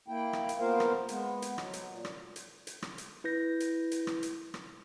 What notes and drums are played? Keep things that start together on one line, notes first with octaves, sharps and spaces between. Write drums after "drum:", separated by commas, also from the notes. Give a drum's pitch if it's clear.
A#3 E4 G5
drum: rim click
drum: hi-hat
A#3 B3 F4 A#4 C5 F5
drum: rim click
G#3 B3, drum: hi-hat
drum: hi-hat
F#3, drum: rim click
drum: hi-hat
A#2
drum: rim click
drum: hi-hat
drum: hi-hat
drum: rim click
drum: hi-hat
E4 B4 G6 A#6
drum: hi-hat
drum: hi-hat
drum: rim click
drum: hi-hat
drum: rim click